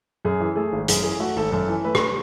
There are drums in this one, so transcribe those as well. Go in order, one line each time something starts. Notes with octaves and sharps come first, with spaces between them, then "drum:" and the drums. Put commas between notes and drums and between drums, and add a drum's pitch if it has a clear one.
F#2 G#4
E3
A3 G#4
G#1
F#2 G#4, drum: hi-hat
E3 G#4
A3 F#4
G#1 A4
F#2 A4
E3
A3 B4
drum: rim click